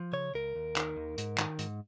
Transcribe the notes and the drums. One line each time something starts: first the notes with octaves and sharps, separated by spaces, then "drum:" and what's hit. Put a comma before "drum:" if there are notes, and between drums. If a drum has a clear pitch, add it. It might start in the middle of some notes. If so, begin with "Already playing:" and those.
Already playing: F3
C#3 C#5
C#2 A#4
D#2
D#3, drum: clap
D#2
G#2, drum: hi-hat
D#3, drum: clap
G#2, drum: hi-hat